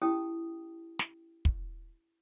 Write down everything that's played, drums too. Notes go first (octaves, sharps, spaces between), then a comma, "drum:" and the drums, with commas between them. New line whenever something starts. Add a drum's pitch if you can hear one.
C#4 E4 G4 G5 A5 D#6
drum: snare
drum: kick